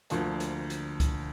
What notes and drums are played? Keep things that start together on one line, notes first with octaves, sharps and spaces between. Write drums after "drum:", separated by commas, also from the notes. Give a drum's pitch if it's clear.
D2 D3 F3 A#3, drum: hi-hat
drum: hi-hat
drum: hi-hat
drum: kick C#2, hi-hat